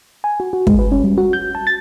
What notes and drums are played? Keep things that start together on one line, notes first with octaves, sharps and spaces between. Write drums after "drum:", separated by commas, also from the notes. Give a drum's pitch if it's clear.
G#5
F#4
F#4
G#3, drum: kick
B4
C#4
G3
F#4
G6
A5
A6